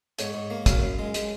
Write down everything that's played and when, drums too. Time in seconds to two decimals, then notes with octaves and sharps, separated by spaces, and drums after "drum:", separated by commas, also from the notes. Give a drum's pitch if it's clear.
0.19 G#2 C#5, drum: hi-hat
0.34 G#2
0.50 A#3
0.66 F#2 F5, drum: kick, hi-hat
0.82 F#2
0.99 G#3
1.14 G#3, drum: hi-hat